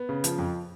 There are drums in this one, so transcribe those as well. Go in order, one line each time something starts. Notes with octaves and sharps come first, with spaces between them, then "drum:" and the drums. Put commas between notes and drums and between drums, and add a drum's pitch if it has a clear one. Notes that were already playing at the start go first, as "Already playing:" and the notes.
Already playing: B3
C#3
F3, drum: hi-hat
F2